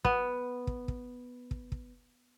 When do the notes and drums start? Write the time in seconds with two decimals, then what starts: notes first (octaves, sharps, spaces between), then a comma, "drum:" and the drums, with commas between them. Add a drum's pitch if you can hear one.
0.05 B3, drum: kick
0.67 drum: kick
0.88 drum: kick
1.51 drum: kick
1.72 drum: kick